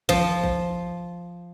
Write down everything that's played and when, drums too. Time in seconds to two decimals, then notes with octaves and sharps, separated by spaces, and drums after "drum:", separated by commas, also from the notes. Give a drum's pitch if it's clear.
0.09 F3, drum: kick A1
0.43 drum: kick A1